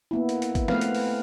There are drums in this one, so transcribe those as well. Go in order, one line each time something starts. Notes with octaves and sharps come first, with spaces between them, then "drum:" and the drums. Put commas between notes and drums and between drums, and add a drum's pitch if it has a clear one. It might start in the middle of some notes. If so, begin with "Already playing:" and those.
A#3 B3 E4
drum: hi-hat
drum: hi-hat
drum: kick, hi-hat
A3 B3 C4 B4 F5, drum: snare
drum: hi-hat
drum: open hi-hat